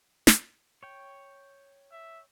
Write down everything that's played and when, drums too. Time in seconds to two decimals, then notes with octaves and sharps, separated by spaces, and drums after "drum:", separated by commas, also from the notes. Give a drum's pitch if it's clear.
0.27 drum: snare
0.83 C#5 G5
1.92 E5